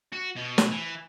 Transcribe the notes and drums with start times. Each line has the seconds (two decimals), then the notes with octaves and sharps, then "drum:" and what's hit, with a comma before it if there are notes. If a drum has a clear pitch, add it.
0.13 F#4
0.36 B2
0.58 drum: snare
0.71 E3